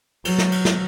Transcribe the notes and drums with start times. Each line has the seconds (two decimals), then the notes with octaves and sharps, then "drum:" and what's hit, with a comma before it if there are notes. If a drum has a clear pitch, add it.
0.25 F#3, drum: cymbal
0.38 drum: snare
0.52 drum: cymbal
0.65 drum: snare